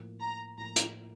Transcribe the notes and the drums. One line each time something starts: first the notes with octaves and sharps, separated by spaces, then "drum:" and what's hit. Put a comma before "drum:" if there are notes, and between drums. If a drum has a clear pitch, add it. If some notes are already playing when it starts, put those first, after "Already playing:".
Already playing: A2 F3 A#3
A#5
A2 F3 A#3 A#5
drum: hi-hat